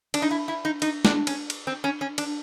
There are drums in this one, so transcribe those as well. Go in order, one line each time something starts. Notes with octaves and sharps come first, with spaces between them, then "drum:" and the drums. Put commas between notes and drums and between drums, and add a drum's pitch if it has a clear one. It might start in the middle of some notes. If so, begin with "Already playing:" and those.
D4, drum: cymbal
D#4
E4
E4
D#4
D#4, drum: cymbal
D4, drum: snare
C#4, drum: cymbal
drum: cymbal
C4
C#4
C#4
D4, drum: cymbal